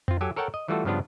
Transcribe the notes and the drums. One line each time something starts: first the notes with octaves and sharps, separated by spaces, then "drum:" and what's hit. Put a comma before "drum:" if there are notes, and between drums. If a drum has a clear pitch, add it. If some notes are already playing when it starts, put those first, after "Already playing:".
C4 F4, drum: tom F2
F#3 G4 A4 G#5
A4 A#4 C#5 F#5 G5 A5
D#5
E3 G3 A3 F4 F#4 A4
G2 C#3 F3 B3 D4 F4